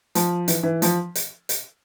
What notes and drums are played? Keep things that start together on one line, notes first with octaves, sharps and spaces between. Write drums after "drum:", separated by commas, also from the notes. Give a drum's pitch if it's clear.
F3, drum: hi-hat
E3, drum: hi-hat
E3
F3, drum: hi-hat
drum: hi-hat
drum: hi-hat